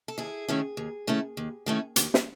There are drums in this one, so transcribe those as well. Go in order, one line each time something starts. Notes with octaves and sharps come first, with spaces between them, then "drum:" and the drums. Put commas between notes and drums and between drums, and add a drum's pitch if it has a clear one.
A4
D#2 E4 G#4
D#3 A3 C#4 E4
D#2
D#3 A3 C#4 E4
D#2
D#3 A3 C#4 E4
D#2, drum: hi-hat
drum: snare